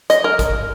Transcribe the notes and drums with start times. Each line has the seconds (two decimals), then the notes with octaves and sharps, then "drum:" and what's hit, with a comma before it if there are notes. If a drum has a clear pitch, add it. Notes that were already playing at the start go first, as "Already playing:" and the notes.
0.10 D#5, drum: hi-hat
0.24 A#4
0.39 drum: kick G#1, hi-hat